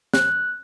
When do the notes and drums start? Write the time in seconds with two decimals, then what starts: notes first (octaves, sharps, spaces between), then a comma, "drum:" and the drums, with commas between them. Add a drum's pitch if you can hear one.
0.14 F#6, drum: snare